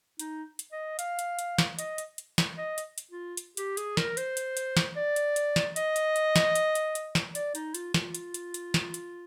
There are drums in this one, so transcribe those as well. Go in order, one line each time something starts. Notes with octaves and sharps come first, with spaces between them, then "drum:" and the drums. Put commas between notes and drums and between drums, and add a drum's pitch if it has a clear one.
D#4, drum: hi-hat
drum: hi-hat
D#5
F5, drum: hi-hat
drum: hi-hat
drum: hi-hat
drum: snare
D#5, drum: hi-hat
drum: hi-hat
drum: hi-hat
drum: snare
D#5
drum: hi-hat
drum: hi-hat
F4
drum: hi-hat
G4, drum: hi-hat
G#4, drum: hi-hat
A#4, drum: snare
C5, drum: hi-hat
drum: hi-hat
drum: hi-hat
drum: snare
D5
drum: hi-hat
drum: hi-hat
drum: snare
D#5, drum: hi-hat
drum: hi-hat
drum: hi-hat
drum: snare
drum: hi-hat
drum: hi-hat
drum: hi-hat
drum: snare
D5, drum: hi-hat
D#4, drum: hi-hat
F4, drum: hi-hat
F4, drum: snare
drum: hi-hat
drum: hi-hat
drum: hi-hat
drum: snare
drum: hi-hat